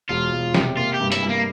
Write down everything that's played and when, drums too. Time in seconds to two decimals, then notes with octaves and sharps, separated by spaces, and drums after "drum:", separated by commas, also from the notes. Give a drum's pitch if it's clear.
0.09 E1 F4
0.32 E1
0.54 C3, drum: snare
0.77 A#3 F4
0.94 G4
1.00 G2
1.12 E4, drum: hi-hat
1.23 G3
1.29 A#3